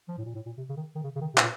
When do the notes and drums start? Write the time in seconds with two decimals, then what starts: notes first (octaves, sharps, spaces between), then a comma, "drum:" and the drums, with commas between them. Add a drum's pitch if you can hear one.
0.08 F3
0.18 A2
0.25 A#2
0.35 A2
0.46 A#2
0.58 C3
0.69 C#3
0.77 D#3
0.95 D#3
1.04 C#3
1.16 C#3
1.21 D#3
1.34 C3
1.38 A#2, drum: clap